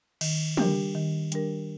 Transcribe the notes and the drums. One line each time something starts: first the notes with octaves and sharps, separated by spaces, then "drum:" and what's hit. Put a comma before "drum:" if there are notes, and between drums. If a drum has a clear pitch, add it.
D#3, drum: cymbal
G3 D4 G4 A#4, drum: tom
D#3
G3 D4 G4 A#4, drum: hi-hat